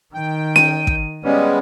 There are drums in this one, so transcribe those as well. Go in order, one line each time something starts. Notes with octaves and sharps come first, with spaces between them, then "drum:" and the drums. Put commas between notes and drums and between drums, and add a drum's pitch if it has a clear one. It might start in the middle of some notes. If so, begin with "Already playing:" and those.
D#3 G5
D#7, drum: snare C#4
drum: kick
G3 G#3 B3 C#4